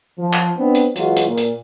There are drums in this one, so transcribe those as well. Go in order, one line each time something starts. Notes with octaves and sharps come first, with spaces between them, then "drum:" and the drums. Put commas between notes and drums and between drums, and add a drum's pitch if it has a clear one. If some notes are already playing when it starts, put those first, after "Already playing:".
F3
drum: clap
B3 C4 D4
drum: hi-hat
E3 F#3 G#3 F4 F#4, drum: hi-hat
drum: hi-hat
A#2
drum: hi-hat